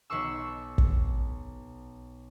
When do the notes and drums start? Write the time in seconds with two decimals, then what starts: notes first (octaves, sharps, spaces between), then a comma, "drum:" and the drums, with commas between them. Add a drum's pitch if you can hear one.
0.10 B1 B4 C6 C#6 E6
0.78 drum: kick